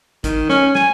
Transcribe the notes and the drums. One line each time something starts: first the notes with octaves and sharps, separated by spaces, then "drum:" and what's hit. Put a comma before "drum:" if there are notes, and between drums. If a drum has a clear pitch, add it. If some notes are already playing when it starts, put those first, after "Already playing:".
D#3, drum: kick, hi-hat
C#4, drum: snare
G#5, drum: snare